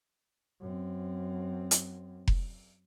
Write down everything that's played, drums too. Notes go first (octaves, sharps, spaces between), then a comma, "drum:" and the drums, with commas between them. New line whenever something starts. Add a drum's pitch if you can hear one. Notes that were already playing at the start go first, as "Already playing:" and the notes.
F#2 C4
drum: hi-hat
drum: kick F1